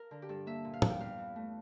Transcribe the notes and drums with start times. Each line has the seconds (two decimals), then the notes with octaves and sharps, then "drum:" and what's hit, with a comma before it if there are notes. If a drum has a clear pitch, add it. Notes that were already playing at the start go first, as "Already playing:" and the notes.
Already playing: A#4 F5
0.11 D3
0.22 G4
0.29 G2 A4
0.46 A#3 E5
0.65 A#2
0.74 F5
0.82 G3, drum: tom
0.90 G5
1.00 E2 F5
1.18 E3
1.36 A3